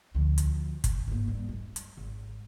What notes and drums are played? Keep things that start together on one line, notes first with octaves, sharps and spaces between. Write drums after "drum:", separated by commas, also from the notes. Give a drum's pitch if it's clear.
D2 F3
drum: hi-hat
drum: kick, hi-hat
G#2 A#3
G2
G#3
drum: hi-hat
G#1